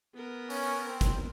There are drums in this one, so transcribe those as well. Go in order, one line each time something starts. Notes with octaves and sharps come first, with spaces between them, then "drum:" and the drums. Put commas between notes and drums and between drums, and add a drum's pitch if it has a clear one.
B3 A#4
C#4, drum: open hi-hat
C4
drum: kick, hi-hat